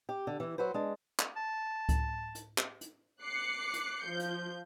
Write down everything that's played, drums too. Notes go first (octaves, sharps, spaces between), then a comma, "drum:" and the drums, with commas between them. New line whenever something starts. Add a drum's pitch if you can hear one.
G4
D3
E3 E4
F#3 F#4 B4 C5
G#3 D4
drum: clap
A5
drum: kick C#2, hi-hat
drum: hi-hat
drum: clap
drum: hi-hat
D6 F#6 C7 C#7
drum: hi-hat
F3 G6
drum: hi-hat